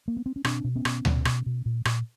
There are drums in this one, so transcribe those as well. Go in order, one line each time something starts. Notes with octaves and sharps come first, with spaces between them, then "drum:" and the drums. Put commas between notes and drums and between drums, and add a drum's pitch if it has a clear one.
A#3
B3
C4
C#4
B2 C4 D4, drum: rim click
B2
B3 C#4
B2, drum: rim click
B2, drum: tom D2
B2, drum: rim click
B2
A#2
A#2, drum: rim click